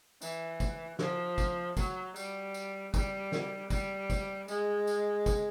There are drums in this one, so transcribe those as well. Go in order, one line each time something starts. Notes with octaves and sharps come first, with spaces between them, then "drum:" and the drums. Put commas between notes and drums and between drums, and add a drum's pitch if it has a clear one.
E3, drum: tambourine
drum: kick, tambourine
F3, drum: snare
drum: kick, tambourine
F#3, drum: kick, tambourine
G3, drum: tambourine
drum: tambourine
G3, drum: kick, tambourine
drum: snare
G3, drum: kick, tambourine
drum: kick, tambourine
G#3, drum: tambourine
drum: tambourine
drum: kick, tambourine